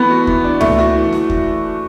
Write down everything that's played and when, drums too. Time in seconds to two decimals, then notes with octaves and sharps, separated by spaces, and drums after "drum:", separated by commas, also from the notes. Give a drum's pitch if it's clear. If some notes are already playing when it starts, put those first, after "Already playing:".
Already playing: E3 A3 B3
0.10 F#4
0.27 E3, drum: kick D#2
0.44 D4
0.61 E3 A3, drum: tom C#2
0.78 F#4
0.96 E3
1.13 drum: snare
1.30 drum: kick D#2